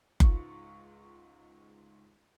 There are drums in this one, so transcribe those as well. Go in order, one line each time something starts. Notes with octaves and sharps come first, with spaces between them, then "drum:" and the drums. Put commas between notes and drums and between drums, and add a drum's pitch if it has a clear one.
C#2 G#2 F4 C#6, drum: kick F#1